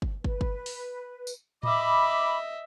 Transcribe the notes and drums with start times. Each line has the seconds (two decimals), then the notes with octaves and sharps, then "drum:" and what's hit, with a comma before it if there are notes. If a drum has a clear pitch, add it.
0.02 drum: kick
0.24 B4, drum: kick
0.41 drum: kick
0.66 drum: open hi-hat
1.27 drum: tambourine
1.63 D#5 E5 B5 D6, drum: tom A2